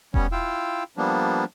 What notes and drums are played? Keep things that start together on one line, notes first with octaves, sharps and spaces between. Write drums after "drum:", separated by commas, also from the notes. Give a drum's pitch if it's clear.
G3 B3 C#4 C#5, drum: kick E1
E4 F4 F5 G5 E6
F3 G3 A#3 B3 D4